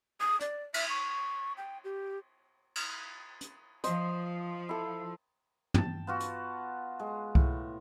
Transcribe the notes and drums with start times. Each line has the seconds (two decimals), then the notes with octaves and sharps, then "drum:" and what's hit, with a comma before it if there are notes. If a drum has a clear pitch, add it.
0.21 D#6
0.40 D5, drum: hi-hat
0.74 E5, drum: cymbal
0.89 C#6
1.57 G5
1.84 G4
2.75 drum: cymbal
3.41 drum: hi-hat
3.84 F3 C5 D#5, drum: hi-hat
4.69 E4 A4
5.74 G5 A5, drum: tom
6.07 B3 F4 F#4
6.20 drum: hi-hat
7.00 G#3
7.35 A2, drum: kick C2